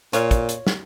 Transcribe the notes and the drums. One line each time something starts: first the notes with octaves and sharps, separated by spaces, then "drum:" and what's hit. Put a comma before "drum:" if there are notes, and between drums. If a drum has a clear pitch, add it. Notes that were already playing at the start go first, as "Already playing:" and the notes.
A#2 F4 C#5, drum: hi-hat
drum: kick, hi-hat
drum: hi-hat
drum: snare